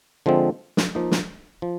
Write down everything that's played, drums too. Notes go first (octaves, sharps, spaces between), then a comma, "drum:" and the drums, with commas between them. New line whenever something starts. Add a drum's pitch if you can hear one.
D3 F3 G#3 C4
drum: snare
F3 A#3 D#4
drum: snare
F3